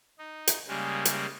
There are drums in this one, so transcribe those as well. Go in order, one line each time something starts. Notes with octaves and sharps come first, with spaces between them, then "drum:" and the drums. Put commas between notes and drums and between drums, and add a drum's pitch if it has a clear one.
D#4
drum: hi-hat
C#3 G3 G#3 A#3
drum: hi-hat